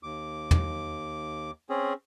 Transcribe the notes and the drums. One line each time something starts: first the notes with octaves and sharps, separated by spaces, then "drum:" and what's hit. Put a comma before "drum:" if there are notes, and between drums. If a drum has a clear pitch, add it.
D#2 D6
drum: tom
C4 C#4 G#4